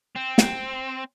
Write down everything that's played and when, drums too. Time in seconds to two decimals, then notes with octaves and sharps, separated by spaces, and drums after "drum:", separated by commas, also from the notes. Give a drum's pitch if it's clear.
0.16 C4
0.38 drum: snare